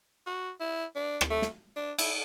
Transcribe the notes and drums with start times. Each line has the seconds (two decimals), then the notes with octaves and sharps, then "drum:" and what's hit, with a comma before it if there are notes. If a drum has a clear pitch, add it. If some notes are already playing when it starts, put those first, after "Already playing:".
0.27 F#4
0.60 E4
0.95 D4
1.21 drum: rim click
1.30 A3
1.42 drum: snare
1.76 D4
1.99 E4, drum: cymbal